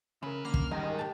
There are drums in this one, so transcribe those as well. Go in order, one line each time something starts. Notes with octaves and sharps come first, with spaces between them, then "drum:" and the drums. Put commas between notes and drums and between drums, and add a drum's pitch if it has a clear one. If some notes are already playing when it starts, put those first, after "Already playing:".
C#3 C#4 E4 A#4 B4
D3 A#3 F6
drum: kick
D#3 G3 G#3 D#4
G4 A5